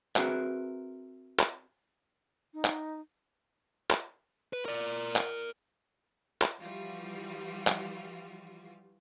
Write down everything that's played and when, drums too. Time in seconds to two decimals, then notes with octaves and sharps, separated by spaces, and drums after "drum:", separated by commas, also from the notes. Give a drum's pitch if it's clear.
0.16 C4 F#4 G#4 A#4 B4 E5, drum: clap
1.39 drum: clap
2.54 D#4
2.65 drum: clap
3.90 drum: clap
4.53 B4
4.65 A#4 D5
5.16 drum: clap
6.42 drum: clap
6.59 E3 F3 G3 F4 F#4
7.67 drum: clap